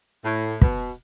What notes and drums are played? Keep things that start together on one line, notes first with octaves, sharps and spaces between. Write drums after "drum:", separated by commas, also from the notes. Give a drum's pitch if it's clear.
A2
B2, drum: kick